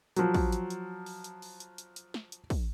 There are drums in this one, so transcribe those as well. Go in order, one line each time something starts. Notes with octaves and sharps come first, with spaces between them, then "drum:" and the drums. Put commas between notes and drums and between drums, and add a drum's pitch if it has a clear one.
F3 F#3, drum: hi-hat
drum: kick, open hi-hat
drum: hi-hat
drum: hi-hat
drum: open hi-hat
drum: hi-hat
drum: open hi-hat
drum: hi-hat
drum: hi-hat
drum: hi-hat
drum: snare
drum: hi-hat
drum: kick, open hi-hat